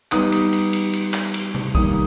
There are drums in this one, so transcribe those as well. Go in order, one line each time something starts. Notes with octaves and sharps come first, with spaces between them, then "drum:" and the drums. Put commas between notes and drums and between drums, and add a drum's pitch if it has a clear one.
G3 B3 D#4 D#6, drum: clap
drum: cymbal
drum: cymbal
drum: cymbal
drum: cymbal
drum: clap
drum: cymbal
drum: tom C3
D#3 G3 A#3 D#6, drum: kick